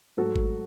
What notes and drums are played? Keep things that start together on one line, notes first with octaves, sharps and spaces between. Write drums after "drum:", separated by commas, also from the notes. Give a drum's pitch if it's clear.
G#2 F#3 A3 F#4 A4
drum: kick G#1